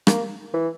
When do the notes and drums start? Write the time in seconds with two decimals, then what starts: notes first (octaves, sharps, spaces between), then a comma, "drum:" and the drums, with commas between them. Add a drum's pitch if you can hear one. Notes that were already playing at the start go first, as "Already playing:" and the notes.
0.07 A#3, drum: rim click
0.54 E3